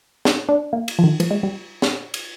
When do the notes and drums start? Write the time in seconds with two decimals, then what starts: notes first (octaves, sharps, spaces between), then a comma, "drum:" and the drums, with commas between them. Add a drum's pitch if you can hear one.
0.25 D#4, drum: snare
0.49 D4
0.73 A#3
0.88 drum: cymbal
0.99 F3
1.04 D#3
1.20 F3, drum: cymbal
1.31 G#3
1.43 G3
1.82 drum: snare
2.14 drum: cymbal